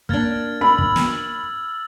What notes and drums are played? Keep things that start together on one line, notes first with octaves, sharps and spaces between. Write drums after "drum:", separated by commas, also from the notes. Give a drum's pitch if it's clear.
A#3 D4 F6 G#6 A6, drum: kick
B5 E6 F#7
drum: kick
drum: snare